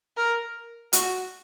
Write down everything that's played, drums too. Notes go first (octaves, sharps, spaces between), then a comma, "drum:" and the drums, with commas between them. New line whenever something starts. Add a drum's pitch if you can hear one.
A#4
F#4, drum: hi-hat